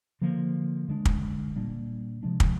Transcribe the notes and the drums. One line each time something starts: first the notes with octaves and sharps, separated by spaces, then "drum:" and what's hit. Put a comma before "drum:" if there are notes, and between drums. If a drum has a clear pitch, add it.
D3 F3 A#3
D3 G#3 D4
drum: kick
A#2 G3 A#3 D4
C3 F3 G#3 D4
drum: kick